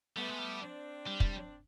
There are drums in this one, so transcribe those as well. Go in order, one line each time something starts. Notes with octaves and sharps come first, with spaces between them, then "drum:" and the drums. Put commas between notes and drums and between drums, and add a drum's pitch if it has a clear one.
G3 A3 B3
G#3
G3
C4 D4
G3
drum: kick